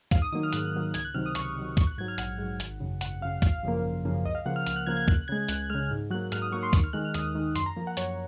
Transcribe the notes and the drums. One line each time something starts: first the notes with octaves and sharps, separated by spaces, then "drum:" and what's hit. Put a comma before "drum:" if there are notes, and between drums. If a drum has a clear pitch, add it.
G#2 F5, drum: kick, hi-hat
D#6
D#3 F#3 A#3 D#6
F6
G#2 F#6, drum: hi-hat
D#3 F#3 A#3
C#2 G#6, drum: hi-hat
F#6
C3 D#3 F#3 F6
D#6
C#2 C#6, drum: hi-hat
C3 D#3 F#3
A#1 C#6, drum: kick, hi-hat
F#6
G#2 F#3 G#6
F6
A#1 F#5, drum: hi-hat
G#2 F#3
G#1, drum: hi-hat
F#2 C#3
G#1 F#5, drum: hi-hat
F#2 C#3 F5
G#1 F5, drum: kick, hi-hat
F#2 C#3 F3 A#3
G#1
F#2 C#3 F3 A#3
C#2 D#5
F5
C#3 F3 A#3 F#5
F6
C#2 F6, drum: hi-hat
F#6
C#3 F3 A#3 G#6
G#6
C#2 F#6, drum: kick
C#3 G#3 G#6
C#2 F#6, drum: hi-hat
C#3 G#3 F6
G#2
F#3 A#3 F#6
G#2 F6, drum: hi-hat
D#6
F#3 A#3 C#6
C6
D#2 C#6, drum: kick, hi-hat
F6
D#3 G#3 F#6
F6
D#2 D#6, drum: hi-hat
D#3 G#3
F#2 C6, drum: hi-hat
A#5
F3 A#3
F#5
F#2 C#5, drum: hi-hat